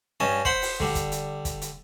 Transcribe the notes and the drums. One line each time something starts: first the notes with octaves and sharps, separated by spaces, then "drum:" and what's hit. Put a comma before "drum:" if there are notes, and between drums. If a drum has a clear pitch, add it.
G2 C#4 D#5 A5
C5 F#5 B5 C6, drum: kick
drum: open hi-hat
D3 G3, drum: kick
drum: kick, hi-hat
drum: hi-hat
drum: kick, hi-hat
drum: hi-hat